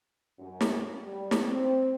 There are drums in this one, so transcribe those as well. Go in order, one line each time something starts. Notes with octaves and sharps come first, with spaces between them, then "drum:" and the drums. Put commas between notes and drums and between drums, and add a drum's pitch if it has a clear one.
F#2
drum: snare
G3
drum: snare
C4